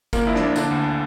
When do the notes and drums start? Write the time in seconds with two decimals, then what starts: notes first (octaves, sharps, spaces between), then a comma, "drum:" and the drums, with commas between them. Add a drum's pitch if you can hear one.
0.13 A#2 A#3 A#4, drum: kick, tambourine
0.27 A#1 E4
0.35 D4, drum: snare
0.42 A#3
0.56 D3 D4, drum: tambourine
0.71 D2